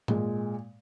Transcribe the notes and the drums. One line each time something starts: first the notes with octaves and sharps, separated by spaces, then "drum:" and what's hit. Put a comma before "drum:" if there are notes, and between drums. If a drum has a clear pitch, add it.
A#2 G#3, drum: tom G#2